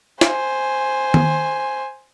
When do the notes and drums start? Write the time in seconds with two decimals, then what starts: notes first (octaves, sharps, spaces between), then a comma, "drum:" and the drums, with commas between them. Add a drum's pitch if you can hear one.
0.21 C5 G#5, drum: snare
1.14 drum: tom D#3